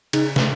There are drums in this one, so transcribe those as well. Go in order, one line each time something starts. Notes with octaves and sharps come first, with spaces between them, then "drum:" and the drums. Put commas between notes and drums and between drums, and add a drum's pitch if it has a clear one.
C#3 D#4 G#4, drum: cymbal
drum: snare